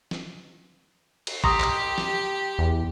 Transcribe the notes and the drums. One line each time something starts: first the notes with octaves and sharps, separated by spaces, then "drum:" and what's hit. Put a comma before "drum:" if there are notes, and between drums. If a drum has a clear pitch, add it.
drum: snare
drum: cymbal
G4 A#5 C6 C#6 D#6 E6, drum: kick
drum: clap
drum: snare
E2